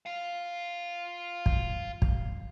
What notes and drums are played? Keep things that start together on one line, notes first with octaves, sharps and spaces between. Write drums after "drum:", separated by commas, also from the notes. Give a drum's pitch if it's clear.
F4 F5
drum: kick
drum: kick